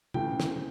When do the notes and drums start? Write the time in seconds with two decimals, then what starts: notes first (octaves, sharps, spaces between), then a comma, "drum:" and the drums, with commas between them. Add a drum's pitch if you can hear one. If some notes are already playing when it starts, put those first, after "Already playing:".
0.14 D2 C#3 E3 G5, drum: tom C3
0.40 drum: snare